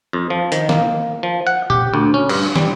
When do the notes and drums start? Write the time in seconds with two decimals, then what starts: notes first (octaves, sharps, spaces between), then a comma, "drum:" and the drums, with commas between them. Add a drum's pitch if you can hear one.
0.13 F2
0.30 F3
0.52 D#3, drum: hi-hat
0.69 A#3, drum: snare
1.23 F3
1.47 F#5
1.70 G4, drum: tom A#2
1.94 D2
2.14 C#4
2.29 G2, drum: cymbal
2.56 G3, drum: snare